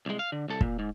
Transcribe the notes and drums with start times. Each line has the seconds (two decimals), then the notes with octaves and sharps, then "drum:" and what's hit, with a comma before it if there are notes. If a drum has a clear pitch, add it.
0.06 C2 G#3
0.19 F5
0.32 D3
0.48 C2 A4
0.61 A#2, drum: kick
0.79 G#2